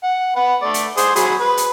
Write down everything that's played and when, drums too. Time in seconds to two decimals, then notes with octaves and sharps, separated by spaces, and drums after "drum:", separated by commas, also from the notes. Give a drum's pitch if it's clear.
0.04 F#5
0.36 B4 F#5
0.62 A3 D5
0.74 drum: hi-hat
0.97 G#4 C5 D#6, drum: hi-hat
1.16 F#3 G#4 B5, drum: hi-hat
1.41 B4
1.57 drum: hi-hat